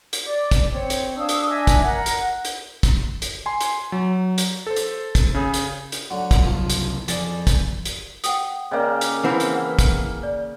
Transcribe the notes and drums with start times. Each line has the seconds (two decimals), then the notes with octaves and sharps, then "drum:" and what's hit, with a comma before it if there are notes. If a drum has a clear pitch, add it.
0.13 drum: hi-hat
0.23 D5
0.51 drum: kick, hi-hat
0.73 C4 C#5
0.90 drum: hi-hat
1.17 D4 F5 D#6 E6
1.29 drum: hi-hat
1.49 D#5 E5 G#5
1.67 drum: kick, hi-hat
1.84 A#4 F#5
2.06 drum: hi-hat
2.45 drum: hi-hat
2.83 drum: kick, hi-hat
3.22 drum: hi-hat
3.46 G#5 C6
3.61 drum: hi-hat
3.92 F#3
4.38 drum: hi-hat
4.67 A4 C5
4.76 drum: hi-hat
5.15 drum: kick, hi-hat
5.34 C#3 G#4
5.54 drum: hi-hat
5.92 drum: hi-hat
6.11 D3 F#3
6.31 drum: kick, hi-hat
6.45 C2 F#2 C#3 F3
6.70 drum: hi-hat
7.08 F2 F3 G#4 D5, drum: hi-hat
7.47 drum: kick, hi-hat
7.85 drum: hi-hat
8.24 F#5 G5 D#6, drum: hi-hat
8.71 C#3 A#3 D5 D#5 G5
9.01 drum: hi-hat
9.24 E3 C4 E4 F#5
9.40 drum: hi-hat
9.55 B4 F#5
9.79 drum: kick, hi-hat
10.23 D5